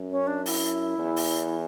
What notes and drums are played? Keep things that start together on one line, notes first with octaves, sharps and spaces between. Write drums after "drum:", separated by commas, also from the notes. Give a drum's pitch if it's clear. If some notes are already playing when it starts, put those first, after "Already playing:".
Already playing: F#2
C#4
D4
E4, drum: open hi-hat
E2
drum: open hi-hat